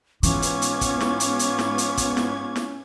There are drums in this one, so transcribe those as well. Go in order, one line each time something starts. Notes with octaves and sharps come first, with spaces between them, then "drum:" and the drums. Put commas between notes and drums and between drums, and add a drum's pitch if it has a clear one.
G#2 E3 B3 C#4 F4 C#6 D6 G#6, drum: hi-hat
drum: hi-hat
drum: hi-hat
drum: kick, hi-hat
drum: snare
drum: hi-hat
drum: hi-hat
drum: snare
drum: hi-hat
drum: kick, hi-hat
drum: snare
drum: snare